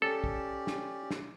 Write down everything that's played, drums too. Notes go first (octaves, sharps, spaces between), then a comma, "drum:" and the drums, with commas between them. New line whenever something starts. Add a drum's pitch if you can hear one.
C#4 G4 A4 D5
drum: kick A#1
drum: snare
drum: snare